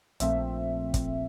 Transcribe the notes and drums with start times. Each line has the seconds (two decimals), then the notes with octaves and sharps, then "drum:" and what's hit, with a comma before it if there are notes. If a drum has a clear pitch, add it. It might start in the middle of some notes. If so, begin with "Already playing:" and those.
0.20 A#1 A#2 F3 A3 C4 E5, drum: hi-hat
0.94 drum: kick, hi-hat